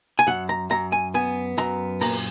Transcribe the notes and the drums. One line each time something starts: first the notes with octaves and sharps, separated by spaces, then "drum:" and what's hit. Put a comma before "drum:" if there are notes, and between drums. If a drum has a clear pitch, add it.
G#5
F#2 F#5
A#5
F#2 A#5
G#5
B3 G#5
F#2 A#5, drum: hi-hat
A#2 A#5, drum: open hi-hat